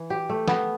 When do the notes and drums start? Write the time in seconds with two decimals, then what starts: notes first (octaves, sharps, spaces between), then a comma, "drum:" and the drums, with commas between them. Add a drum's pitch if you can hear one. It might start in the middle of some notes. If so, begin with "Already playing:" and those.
Already playing: E3
0.10 G4
0.29 A3
0.48 B3, drum: snare